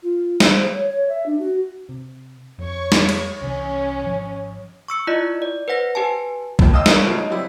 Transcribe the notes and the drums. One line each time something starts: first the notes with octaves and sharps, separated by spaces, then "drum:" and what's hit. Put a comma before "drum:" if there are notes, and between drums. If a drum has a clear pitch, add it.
F4
drum: snare
C5
C#5
C#5
E5
D4
F#4
C3
F2 C#5 C#6
drum: snare
drum: cymbal
C2 C3 E3 C#4
G#1 F3
C#6 E6 C#7
E4 F4 D5 D#5
D5
B4 C5 F#5 A#6
G4 B4 G#5 A5
A#1 A#2 F3 F#4 G5, drum: kick
D#5 F5 G5 A5 D#6 E6
D4 A#4 C#5 E5, drum: snare
C#3 F3 G#3 A3 F4 F#4
D#4
F#3 G3 C4 E4